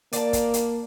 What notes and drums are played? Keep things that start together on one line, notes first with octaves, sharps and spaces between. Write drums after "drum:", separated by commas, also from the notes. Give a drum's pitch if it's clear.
A#3 D5 A5, drum: hi-hat
drum: kick, hi-hat
drum: hi-hat